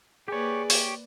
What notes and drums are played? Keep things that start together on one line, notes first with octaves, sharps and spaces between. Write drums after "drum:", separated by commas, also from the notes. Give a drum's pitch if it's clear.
A#3 G4 G#4 B4 C#5 D5
G4 C#5, drum: open hi-hat